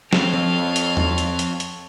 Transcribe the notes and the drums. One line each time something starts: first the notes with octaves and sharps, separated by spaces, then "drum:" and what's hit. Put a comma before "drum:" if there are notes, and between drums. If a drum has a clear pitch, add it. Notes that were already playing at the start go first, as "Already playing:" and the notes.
F2 C4 A4 C#5 F5, drum: snare
drum: tom F3
drum: hi-hat
drum: tom E2
drum: hi-hat
drum: hi-hat
drum: hi-hat